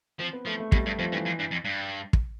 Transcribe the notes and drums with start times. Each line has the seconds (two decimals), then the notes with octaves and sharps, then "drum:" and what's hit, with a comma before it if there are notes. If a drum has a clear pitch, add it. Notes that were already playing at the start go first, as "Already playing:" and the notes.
0.19 F3 C4
0.33 B3
0.46 F3 A3
0.60 A3
0.72 B2 G3, drum: kick
0.86 G2 G3
0.99 F2 F3
1.12 G2 E3
1.25 F2
1.39 G2
1.51 F2
1.65 G2
2.13 drum: kick